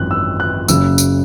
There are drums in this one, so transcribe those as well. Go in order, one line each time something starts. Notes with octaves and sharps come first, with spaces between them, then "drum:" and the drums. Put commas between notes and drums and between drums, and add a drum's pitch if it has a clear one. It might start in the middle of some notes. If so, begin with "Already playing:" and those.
Already playing: G#1 F#2 E3 F#6
E6
F#6
F#1 F#2 C#3 E6, drum: tambourine
drum: tambourine